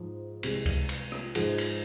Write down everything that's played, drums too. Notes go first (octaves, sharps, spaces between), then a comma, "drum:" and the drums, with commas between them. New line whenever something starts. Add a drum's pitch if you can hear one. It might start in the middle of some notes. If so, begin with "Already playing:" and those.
Already playing: G#2 F3
C2 C3 G#3, drum: cymbal
drum: kick C#2, cymbal
drum: cymbal
drum: rim click
G#2 F3 G#3, drum: cymbal
drum: cymbal